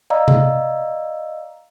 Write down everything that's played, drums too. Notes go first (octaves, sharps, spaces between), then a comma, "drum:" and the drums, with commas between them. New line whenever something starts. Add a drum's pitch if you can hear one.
D5 D#5 F5 A#5 E6
drum: tom C3